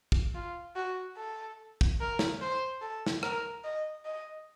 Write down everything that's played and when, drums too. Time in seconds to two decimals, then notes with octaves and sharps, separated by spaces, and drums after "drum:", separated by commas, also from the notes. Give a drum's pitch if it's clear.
0.12 drum: kick
0.35 F4
0.76 F#4
1.17 A4
1.81 drum: kick
2.00 A#4
2.19 drum: snare
2.41 C5
2.81 A4
3.07 drum: snare
3.23 A#4, drum: rim click
3.64 D#5
4.05 D#5